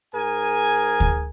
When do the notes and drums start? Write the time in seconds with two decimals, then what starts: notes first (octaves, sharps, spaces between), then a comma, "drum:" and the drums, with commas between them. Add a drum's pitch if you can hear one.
0.14 G#2 G#4 A#4 G#5
1.00 drum: kick D2